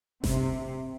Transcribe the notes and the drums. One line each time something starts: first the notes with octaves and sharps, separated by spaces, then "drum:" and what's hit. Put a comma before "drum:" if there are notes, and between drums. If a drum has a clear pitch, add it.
C3, drum: snare G1